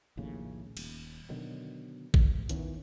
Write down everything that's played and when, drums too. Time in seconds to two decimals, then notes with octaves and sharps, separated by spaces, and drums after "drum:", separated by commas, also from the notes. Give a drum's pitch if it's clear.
0.17 A#1 D#2 A2 C#3
0.77 D#1, drum: cymbal
1.29 B2 D3 D#3 F#3
2.14 drum: kick
2.49 D#3 E3 B3 C#4, drum: hi-hat